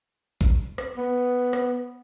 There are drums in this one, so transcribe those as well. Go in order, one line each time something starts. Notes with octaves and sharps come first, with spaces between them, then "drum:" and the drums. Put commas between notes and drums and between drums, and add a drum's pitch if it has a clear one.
drum: kick A#1
drum: rim click
B3
drum: rim click